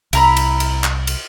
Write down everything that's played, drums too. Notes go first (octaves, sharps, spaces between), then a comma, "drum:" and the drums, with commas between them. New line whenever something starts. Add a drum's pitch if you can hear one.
C2 E4 A#5 B5, drum: cymbal
drum: cymbal
drum: cymbal
drum: clap
drum: cymbal